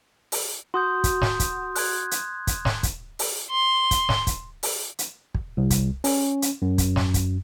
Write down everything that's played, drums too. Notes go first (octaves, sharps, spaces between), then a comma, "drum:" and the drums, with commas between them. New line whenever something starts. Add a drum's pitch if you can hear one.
drum: open hi-hat
F#4 C6 D#6 G6
drum: kick, hi-hat
drum: snare
drum: kick, hi-hat
F#6 G#6, drum: open hi-hat
drum: hi-hat
drum: kick, hi-hat
drum: snare
drum: kick, hi-hat
drum: open hi-hat
C6
drum: kick, hi-hat
drum: snare
drum: kick, hi-hat
drum: open hi-hat
drum: hi-hat
drum: kick
C2
drum: kick, hi-hat
C#4, drum: open hi-hat
drum: hi-hat
F#2
drum: kick, hi-hat
drum: snare
drum: kick, hi-hat